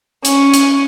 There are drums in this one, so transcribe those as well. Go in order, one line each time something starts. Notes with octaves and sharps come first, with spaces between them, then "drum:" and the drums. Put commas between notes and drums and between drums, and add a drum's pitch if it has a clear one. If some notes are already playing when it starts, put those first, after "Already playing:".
C#4, drum: hi-hat
drum: hi-hat